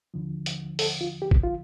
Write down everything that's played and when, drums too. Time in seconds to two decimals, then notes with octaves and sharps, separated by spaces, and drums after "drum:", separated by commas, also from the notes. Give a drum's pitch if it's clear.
0.14 D#2 D3 F3
0.46 drum: hi-hat
0.79 A4, drum: open hi-hat
1.01 F4
1.22 G4
1.31 drum: kick A1
1.44 F4